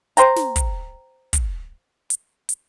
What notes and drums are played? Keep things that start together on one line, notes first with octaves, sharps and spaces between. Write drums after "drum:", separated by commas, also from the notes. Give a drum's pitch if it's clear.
C5 G5 A#5, drum: hi-hat
drum: snare
drum: kick, hi-hat
drum: kick, hi-hat
drum: hi-hat
drum: hi-hat